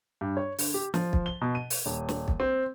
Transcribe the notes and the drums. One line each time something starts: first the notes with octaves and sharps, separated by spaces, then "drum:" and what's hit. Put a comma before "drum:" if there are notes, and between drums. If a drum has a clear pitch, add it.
G2
C#5
D3, drum: open hi-hat
G4
F3, drum: snare
drum: kick
G7
B2
D#7
drum: open hi-hat
D#1
drum: snare
drum: kick
C4